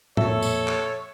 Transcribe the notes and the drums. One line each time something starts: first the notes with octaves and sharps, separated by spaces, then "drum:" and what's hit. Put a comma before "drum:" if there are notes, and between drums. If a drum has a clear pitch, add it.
F2 A#2 A4 C#5 E5, drum: tom A2
drum: tambourine
drum: clap